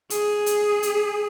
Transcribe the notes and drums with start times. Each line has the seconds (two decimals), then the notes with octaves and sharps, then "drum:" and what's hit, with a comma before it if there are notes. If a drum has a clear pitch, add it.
0.10 G#4, drum: hi-hat
0.46 drum: hi-hat
0.83 drum: hi-hat